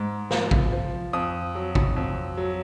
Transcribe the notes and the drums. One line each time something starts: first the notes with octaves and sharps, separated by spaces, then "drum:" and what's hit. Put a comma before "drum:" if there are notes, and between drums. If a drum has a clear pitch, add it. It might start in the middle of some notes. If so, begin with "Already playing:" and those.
Already playing: G#2
F3, drum: snare
drum: kick
F3
F2 D#6
F#3
drum: kick
F2
F#3